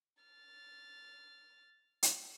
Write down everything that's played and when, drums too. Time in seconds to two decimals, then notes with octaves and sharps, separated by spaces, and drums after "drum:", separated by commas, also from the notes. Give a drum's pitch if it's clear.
0.23 F6 A6
2.03 drum: hi-hat